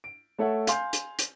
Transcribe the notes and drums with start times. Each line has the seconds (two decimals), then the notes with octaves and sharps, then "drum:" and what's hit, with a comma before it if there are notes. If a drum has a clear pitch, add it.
0.04 D7
0.39 A3 A4 C#5 E5 F#5
0.67 F5 G#5 C6 G6, drum: hi-hat
0.93 drum: hi-hat
1.19 drum: hi-hat